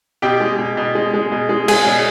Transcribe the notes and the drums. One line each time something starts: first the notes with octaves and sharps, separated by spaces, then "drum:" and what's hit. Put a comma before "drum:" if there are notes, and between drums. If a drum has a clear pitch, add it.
B2 G4 G5
G#3
B2
B2
G#3
G#3
B2
G#3
G#3 G#4 G#5, drum: cymbal
B2